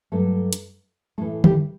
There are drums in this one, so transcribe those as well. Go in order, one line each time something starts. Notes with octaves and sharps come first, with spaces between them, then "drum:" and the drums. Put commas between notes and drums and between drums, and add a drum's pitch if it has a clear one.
G2 F#3 A3 A4
drum: hi-hat
A2 E3 A3 A4
G3 G4, drum: tom D3